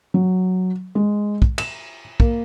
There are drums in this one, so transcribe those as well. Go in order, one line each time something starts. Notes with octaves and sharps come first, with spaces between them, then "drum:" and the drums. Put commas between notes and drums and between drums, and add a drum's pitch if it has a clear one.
F#3
G#3
drum: kick
E7, drum: cymbal
A#3, drum: kick